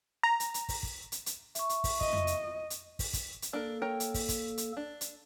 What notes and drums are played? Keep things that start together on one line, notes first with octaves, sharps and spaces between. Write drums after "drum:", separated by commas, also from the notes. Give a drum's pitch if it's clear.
A#5
drum: hi-hat
drum: hi-hat
drum: kick, open hi-hat
drum: kick
drum: hi-hat
drum: hi-hat
E5 C#6, drum: hi-hat
drum: hi-hat
drum: kick, open hi-hat
D#5, drum: kick
drum: tom F2
drum: hi-hat
drum: hi-hat
drum: kick, open hi-hat
drum: kick, hi-hat
drum: hi-hat
A#3 D4 A4 A#4
A#4 C#5 G5
drum: hi-hat
drum: kick, open hi-hat
drum: kick, hi-hat
drum: hi-hat
D4
drum: hi-hat